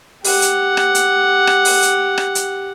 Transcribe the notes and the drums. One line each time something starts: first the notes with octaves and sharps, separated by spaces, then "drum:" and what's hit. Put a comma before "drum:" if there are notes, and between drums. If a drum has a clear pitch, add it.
G4 F#5, drum: open hi-hat
drum: hi-hat
drum: rim click
drum: hi-hat
drum: rim click
drum: open hi-hat
drum: hi-hat
drum: rim click
drum: hi-hat